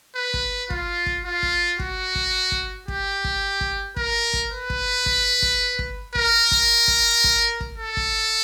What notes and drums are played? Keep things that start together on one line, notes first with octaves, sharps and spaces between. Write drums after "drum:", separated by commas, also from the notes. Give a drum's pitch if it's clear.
B4
drum: kick
F4, drum: kick
drum: kick
F4
drum: kick
F#4, drum: kick
drum: kick
drum: kick
G4, drum: kick
drum: kick
drum: kick
A#4, drum: kick
drum: kick
B4
drum: kick
drum: kick
drum: kick
drum: kick
A#4, drum: kick
drum: kick
drum: kick
drum: kick
drum: kick
A4
drum: kick